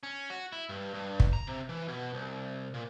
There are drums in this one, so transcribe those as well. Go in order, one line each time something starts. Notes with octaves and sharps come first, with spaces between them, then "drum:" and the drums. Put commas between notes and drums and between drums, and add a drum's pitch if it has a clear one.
C#4
F#4
E4
G2
G2
drum: kick
A#5
C3
E3
B2
C2
A#2